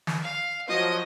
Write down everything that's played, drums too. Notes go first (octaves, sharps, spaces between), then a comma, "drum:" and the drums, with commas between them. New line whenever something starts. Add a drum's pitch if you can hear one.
drum: snare
F5
F3 F#3 D#5